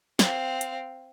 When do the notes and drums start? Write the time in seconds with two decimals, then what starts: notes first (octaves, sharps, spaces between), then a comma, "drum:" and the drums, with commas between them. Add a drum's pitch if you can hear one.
0.19 C4 F5, drum: snare
0.61 drum: hi-hat